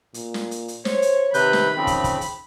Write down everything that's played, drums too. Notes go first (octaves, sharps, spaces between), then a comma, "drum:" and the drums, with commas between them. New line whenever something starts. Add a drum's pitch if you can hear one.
A#2, drum: hi-hat
drum: snare
drum: hi-hat
drum: hi-hat
C5 C#5, drum: snare
drum: hi-hat
C3 D#3 B4 B5 G6, drum: hi-hat
drum: snare
C#3 F3 C4
drum: kick, hi-hat
drum: kick, hi-hat
drum: hi-hat